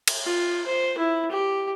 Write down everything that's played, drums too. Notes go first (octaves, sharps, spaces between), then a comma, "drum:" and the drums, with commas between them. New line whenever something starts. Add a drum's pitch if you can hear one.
drum: cymbal
F4
C5
E4
G4